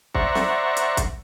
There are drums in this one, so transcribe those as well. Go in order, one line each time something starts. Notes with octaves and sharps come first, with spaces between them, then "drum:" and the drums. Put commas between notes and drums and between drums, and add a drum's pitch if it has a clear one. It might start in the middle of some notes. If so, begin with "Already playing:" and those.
C5 D5 E5 F#5 A#5 C#6, drum: kick
drum: snare
drum: hi-hat
drum: kick, hi-hat